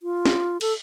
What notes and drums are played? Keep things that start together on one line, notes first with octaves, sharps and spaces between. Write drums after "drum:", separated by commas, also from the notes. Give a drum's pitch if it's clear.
F4
drum: snare
A4, drum: cymbal